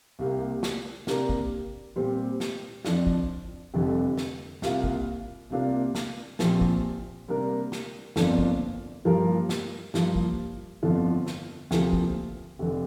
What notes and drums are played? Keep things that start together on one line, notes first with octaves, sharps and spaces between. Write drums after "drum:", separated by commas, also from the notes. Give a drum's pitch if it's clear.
C2 C3 A#3 G4
drum: snare
C3 A#3 D4 G4 A#4, drum: snare
drum: kick
A#2 G3 C4 G4
drum: snare
F2 F3 D4, drum: snare
drum: kick
F1 F2 D3 G3
drum: snare
C2 C3 A#3 F4, drum: snare
drum: kick
C2 C3 A#3 D4 F4
drum: snare
A#1 A#2 F3 C4 G4, drum: snare
drum: kick
C3 G3 A#3 D4 A#4
drum: snare
G1 F2 F3 A#3 D4, drum: snare
drum: kick
G2 F3 A#3 G4 A#4
drum: snare
G2 F3 A#3, drum: snare
drum: kick
G1 F2 D3 F3
drum: snare
D2 C3 F3 A#3, drum: snare
drum: kick
F1 D3